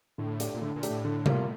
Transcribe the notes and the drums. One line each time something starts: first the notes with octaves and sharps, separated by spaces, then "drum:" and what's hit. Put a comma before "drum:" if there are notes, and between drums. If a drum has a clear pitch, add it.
A2 D3
A3 D4 G4, drum: hi-hat
A#2
A2 D3
A#2
A3 D4 G4, drum: hi-hat
A2
D3
G3 A#3 F4, drum: tom C3